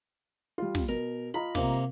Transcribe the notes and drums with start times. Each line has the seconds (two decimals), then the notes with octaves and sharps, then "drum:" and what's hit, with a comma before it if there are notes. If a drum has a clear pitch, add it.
0.58 G3 F4
0.75 drum: snare
0.89 B2 A#4
1.34 F4 D#5 A#5 B5, drum: hi-hat
1.55 C3 A#3, drum: snare
1.74 drum: hi-hat